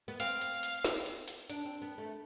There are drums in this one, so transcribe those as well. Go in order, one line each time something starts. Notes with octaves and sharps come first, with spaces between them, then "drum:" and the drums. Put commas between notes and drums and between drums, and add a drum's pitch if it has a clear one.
B3
C4 F5, drum: hi-hat
drum: hi-hat
drum: hi-hat
drum: snare
drum: hi-hat
drum: hi-hat
D4, drum: hi-hat
C4
B3
A3